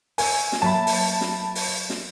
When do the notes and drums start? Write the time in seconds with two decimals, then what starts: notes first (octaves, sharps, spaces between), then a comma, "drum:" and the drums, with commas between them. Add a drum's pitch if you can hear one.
0.18 A#4 G#5 C#6 E6, drum: open hi-hat
0.52 drum: snare
0.62 F#3 A#3 E5 A5 B5
0.87 drum: open hi-hat
1.21 drum: snare
1.55 drum: open hi-hat
1.90 drum: snare